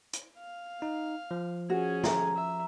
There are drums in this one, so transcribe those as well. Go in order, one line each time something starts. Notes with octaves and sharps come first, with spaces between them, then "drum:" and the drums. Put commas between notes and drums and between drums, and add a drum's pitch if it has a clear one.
drum: hi-hat
F5
D#4
F3
C#4 F#4 G#4
A#5, drum: snare A4
E5